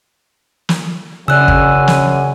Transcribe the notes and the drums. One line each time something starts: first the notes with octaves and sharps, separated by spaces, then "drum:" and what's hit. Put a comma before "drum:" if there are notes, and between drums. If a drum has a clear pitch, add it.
drum: snare
F#2 C#3 D5 G#5 E6 F#6
drum: kick
drum: snare